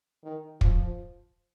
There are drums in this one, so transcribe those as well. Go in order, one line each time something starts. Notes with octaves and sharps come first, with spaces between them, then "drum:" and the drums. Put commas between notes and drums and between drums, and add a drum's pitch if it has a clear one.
D#3
F3, drum: kick